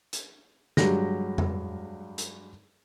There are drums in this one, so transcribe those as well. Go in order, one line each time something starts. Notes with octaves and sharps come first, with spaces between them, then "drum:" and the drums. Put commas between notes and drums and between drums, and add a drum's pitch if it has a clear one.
drum: hi-hat
G2 F#3 G#3 G4 A#6, drum: snare
drum: tom F2
drum: hi-hat